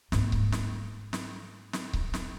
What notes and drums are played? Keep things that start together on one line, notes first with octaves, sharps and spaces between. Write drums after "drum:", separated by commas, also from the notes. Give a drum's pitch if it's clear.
G#2 A#3, drum: snare
drum: kick C#1
drum: snare
drum: snare
drum: snare
drum: kick C#1
drum: snare